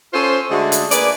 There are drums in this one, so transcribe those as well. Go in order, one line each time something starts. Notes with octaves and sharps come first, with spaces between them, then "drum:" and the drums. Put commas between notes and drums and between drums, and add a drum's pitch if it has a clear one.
C#4 F4 A4 C5
D3 G#3 A3 D4 F#4 G#4
drum: hi-hat
A#3 G#4 B4 D5, drum: hi-hat